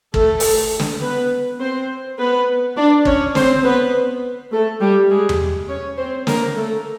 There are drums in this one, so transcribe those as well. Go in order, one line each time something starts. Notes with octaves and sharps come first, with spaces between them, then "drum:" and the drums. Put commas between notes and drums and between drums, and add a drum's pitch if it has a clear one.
A3 A4, drum: kick
drum: open hi-hat
drum: snare
B3 B4
C4 C5
B3 B4
D4 D5
C#4 C#5, drum: kick
C4 C5, drum: snare
B3 B4
A3 A4
G3 G4
G#3 G#4
drum: tom E2
C#4 C#5
C4 C5
A#3 A#4, drum: snare
A3 A4